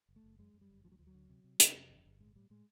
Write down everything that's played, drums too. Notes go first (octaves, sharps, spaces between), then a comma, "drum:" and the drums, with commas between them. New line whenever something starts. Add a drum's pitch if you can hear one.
F#1
A3
F#1
F#2 G#3
F#2
G3
G1
D2 F3
F#3
D2 F3
F#3
D3
C3
C3
C3, drum: hi-hat
F2
G1
G1
A2 G#3
A2 G3
A2 G#3